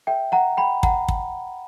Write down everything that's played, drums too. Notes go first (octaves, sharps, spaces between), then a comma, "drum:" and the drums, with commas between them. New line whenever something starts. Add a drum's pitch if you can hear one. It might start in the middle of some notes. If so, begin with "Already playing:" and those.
E5 G5
F#5 A#5
G5 B5
F#5 A#5, drum: kick
drum: kick